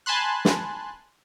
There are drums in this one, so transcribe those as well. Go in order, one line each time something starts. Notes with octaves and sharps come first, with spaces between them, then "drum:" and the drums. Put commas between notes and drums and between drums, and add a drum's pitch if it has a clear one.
G#5 A5 B5 C6 F#6
drum: snare